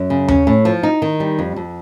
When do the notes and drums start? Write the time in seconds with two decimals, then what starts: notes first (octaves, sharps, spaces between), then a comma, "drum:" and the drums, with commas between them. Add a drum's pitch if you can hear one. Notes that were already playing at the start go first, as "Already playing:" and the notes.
Already playing: F#2
0.10 C#3
0.28 C#4, drum: tom D#2
0.47 A2
0.65 F3
0.83 D#4
1.02 D#3
1.20 G3
1.39 F2
1.56 F2